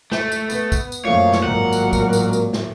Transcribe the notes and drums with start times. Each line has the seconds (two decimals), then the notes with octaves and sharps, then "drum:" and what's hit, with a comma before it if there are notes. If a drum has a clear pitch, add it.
0.11 A3, drum: snare
0.32 drum: tambourine
0.50 B3, drum: tambourine
0.72 drum: kick, tambourine
0.92 drum: tambourine
1.05 F#2 A#2 F3 A3 C#5 F5
1.32 drum: snare
1.44 G#1 A2 F#3 A#4 F#5
1.73 drum: tambourine
1.93 drum: kick, tambourine
2.13 drum: tambourine
2.33 drum: tambourine
2.53 drum: snare